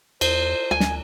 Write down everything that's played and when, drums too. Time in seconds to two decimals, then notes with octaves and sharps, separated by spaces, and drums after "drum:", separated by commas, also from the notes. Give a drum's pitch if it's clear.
0.21 E2 C5, drum: cymbal
0.71 D2 G#5
0.80 drum: snare